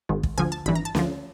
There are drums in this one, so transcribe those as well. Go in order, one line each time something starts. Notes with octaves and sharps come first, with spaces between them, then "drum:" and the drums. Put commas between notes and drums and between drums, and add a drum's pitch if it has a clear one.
G#1 G#2 D#3
drum: kick
D2 D3 F3 G#5
A5
G#1 G2 E3 B5
A#5
A5
D2 D3 F3, drum: snare C#4